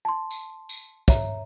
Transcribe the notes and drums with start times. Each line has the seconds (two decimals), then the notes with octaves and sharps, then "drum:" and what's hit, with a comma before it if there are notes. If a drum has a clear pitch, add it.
0.05 A5 C6
0.31 drum: tambourine
0.69 drum: tambourine
1.08 C#5 E5 A#5, drum: kick, tambourine